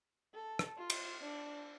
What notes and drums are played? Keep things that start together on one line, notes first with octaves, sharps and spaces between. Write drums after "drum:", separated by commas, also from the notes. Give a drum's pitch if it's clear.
A4
drum: rim click
F4
drum: cymbal
D4